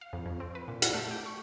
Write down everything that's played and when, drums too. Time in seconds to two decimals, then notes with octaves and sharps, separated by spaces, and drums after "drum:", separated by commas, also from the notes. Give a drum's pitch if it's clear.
0.01 F5
0.13 F2
0.26 F2
0.40 C4
0.55 B4
0.68 A#2
0.82 F#5, drum: hi-hat
0.94 A3
1.11 G4
1.26 C#6